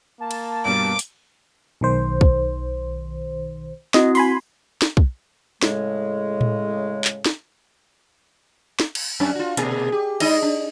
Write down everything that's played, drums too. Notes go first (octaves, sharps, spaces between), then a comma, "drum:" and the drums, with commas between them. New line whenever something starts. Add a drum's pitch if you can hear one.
A#3 A5
drum: cymbal
G2 B2 G3 D6
drum: hi-hat
B1 D#3 C5
drum: kick
C4 E4 F#4 D#5, drum: snare
G#5 B5 C6, drum: open hi-hat
drum: snare
drum: kick
A2 C#3 G#3, drum: snare
drum: tom A2
drum: clap
drum: snare
drum: snare
drum: cymbal
F#2 C#4
F4 F#4
B2 A#3 G#4, drum: hi-hat
G4
G#3 D#4 D#5, drum: cymbal
D4